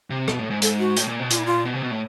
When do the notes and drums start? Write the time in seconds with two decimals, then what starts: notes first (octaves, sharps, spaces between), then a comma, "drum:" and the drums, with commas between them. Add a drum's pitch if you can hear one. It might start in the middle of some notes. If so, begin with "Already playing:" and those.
0.10 C3
0.28 B2, drum: rim click
0.39 A2
0.50 G#2
0.62 G#2 A4, drum: hi-hat
0.79 F#4
0.97 A2, drum: hi-hat
1.08 A#2
1.19 B2
1.31 A#2 F4, drum: hi-hat
1.38 E4
1.46 F4
1.65 B2
1.74 C3
1.83 B2
1.91 A2